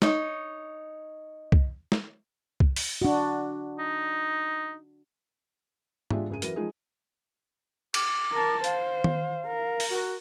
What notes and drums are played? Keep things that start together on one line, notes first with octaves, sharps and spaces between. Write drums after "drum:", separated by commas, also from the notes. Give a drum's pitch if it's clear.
D#4 C#5, drum: snare
drum: kick
drum: snare
drum: kick
drum: open hi-hat
D4 F#4
D#4
G#3 D4 F4 G4 G#4 E5, drum: tom G#2
F#1 G#4 D#7
E3 F#3 A#4 D#7, drum: hi-hat
F3 G#3 D#4 F4 G#4
D6, drum: cymbal
A#4 A5
C5 F5, drum: hi-hat
drum: tom D#3
A#4
drum: open hi-hat
F#4